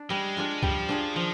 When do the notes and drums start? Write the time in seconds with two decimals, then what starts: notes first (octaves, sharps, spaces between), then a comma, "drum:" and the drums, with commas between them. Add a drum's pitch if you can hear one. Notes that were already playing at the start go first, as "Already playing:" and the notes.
Already playing: D4
0.10 G3 G#3
0.37 D4 F4 G#4
0.63 F3 G3, drum: kick C#2
0.89 D4 F4 G#4
1.16 D#3 F3